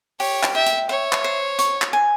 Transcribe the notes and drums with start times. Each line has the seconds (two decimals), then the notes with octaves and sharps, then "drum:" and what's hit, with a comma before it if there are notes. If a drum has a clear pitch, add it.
0.20 G4 C#5, drum: open hi-hat
0.43 drum: clap
0.54 E5 G5
0.66 drum: hi-hat
0.89 C#5 E5
1.12 drum: clap
1.24 C5
1.59 C#6, drum: hi-hat
1.82 drum: clap
1.93 G#5